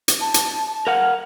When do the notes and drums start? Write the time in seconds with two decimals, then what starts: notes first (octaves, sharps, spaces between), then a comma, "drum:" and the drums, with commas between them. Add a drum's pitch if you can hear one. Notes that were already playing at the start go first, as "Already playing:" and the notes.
0.08 drum: hi-hat
0.21 A5
0.34 drum: hi-hat
0.87 A#4 F5 F#5